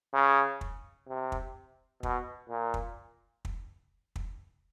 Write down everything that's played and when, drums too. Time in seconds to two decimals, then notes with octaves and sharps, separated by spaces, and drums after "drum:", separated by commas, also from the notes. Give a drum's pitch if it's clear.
0.14 C#3
0.61 drum: kick
1.08 C3
1.32 drum: kick
2.03 B2, drum: kick
2.50 A#2
2.74 drum: kick
3.45 drum: kick
4.16 drum: kick